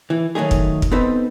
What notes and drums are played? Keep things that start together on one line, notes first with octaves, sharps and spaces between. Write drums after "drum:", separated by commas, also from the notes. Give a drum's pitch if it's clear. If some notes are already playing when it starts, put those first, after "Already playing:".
E3
D#3 F#3 A3 D#4 G#4
drum: kick
drum: kick
B3 C4 D#4 A4 B4 C5